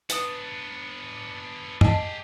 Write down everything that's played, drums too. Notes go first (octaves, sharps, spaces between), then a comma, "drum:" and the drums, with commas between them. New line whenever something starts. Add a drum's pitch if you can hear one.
B3 D4 B4 D#6, drum: hi-hat
G4 G#4 D#5 G#5 A5, drum: tom